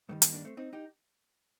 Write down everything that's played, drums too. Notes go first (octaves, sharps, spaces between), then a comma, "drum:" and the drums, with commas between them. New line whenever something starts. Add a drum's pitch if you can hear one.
G2 D#3 G3 A3
A#3, drum: hi-hat
A#3 D4
A3 C4
C4 D#4
D#4 G4